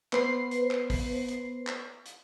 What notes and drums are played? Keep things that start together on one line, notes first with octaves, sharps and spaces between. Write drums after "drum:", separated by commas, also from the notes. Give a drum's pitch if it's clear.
B3 B4 C5 C7, drum: clap
drum: hi-hat
drum: clap
drum: kick, open hi-hat
drum: hi-hat
drum: clap
drum: hi-hat